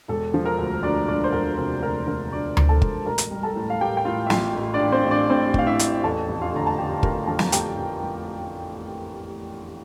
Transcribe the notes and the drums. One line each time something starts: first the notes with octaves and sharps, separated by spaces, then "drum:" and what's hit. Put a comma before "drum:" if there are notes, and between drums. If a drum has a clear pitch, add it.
E1 A4
F3
A#4
D2
D2 D4 D5
E1 D4 D5
C5
E1 A#4
C3 A#4
D2 A#4
F3 A#4
D2 D4 D5
E1, drum: tom D2
A4 A5
E1, drum: kick
A1 A#4 A#5
drum: hi-hat
G3
A4 A5
A2
F5
A2 G4 G5
G5
A2 F4 F5
E5
A1 F4 F5, drum: snare
A1
D4 D5
A1
C4 C5
A1
D4 D5
A2 C4 C5
A1 F5, drum: kick
E4 E5
A2, drum: hi-hat
E2 A4 A5
F1
F4 F5
D3 A#5
A5
D3 G4 G5
F3 A#4 A#5, drum: kick
F3 A4 A5
drum: snare
F1 G4 G5, drum: hi-hat
F1
F1